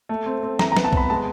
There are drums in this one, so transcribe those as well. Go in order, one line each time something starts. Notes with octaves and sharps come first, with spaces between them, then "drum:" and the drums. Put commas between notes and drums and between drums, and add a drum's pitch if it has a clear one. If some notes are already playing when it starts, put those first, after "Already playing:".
A3
C4
C4
E3 A#5, drum: snare
A#5
B3, drum: snare
A5
B3 B5, drum: kick
G#3 A5